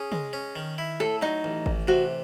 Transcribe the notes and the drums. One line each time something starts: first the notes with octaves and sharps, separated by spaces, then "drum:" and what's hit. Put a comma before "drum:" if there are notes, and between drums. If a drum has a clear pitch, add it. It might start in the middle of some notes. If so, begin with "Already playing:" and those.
Already playing: C#4 G#4
G#3, drum: tom
C#4
D#3
E4
A2 A4
F#3 D#4
A1
A1, drum: kick G#1
C3 F#4